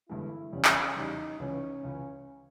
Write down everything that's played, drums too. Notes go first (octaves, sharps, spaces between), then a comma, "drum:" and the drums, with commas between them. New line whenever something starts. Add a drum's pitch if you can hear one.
G1 G2 E3 G#3 E4
E2 C#3 G3 C#4
drum: clap
E2 C#3 G3 D#4
C#2 C#3 E3 C#4
C#2 C#3 E3